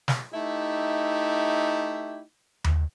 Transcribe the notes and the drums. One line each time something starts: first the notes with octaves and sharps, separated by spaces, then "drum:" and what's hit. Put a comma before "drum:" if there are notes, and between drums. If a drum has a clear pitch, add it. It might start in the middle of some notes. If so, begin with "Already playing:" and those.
drum: snare
A3 D#4 E4 G4
drum: tom D#2